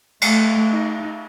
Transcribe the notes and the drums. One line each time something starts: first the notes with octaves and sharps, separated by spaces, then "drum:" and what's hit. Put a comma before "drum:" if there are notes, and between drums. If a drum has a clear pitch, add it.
A3, drum: cymbal
D#4